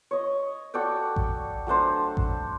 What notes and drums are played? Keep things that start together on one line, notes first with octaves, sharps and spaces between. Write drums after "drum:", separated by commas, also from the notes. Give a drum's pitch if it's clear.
C#5 D#5
F#4 A4 D5 G5
drum: kick A1
F#3 A3 D4 C5
drum: kick A1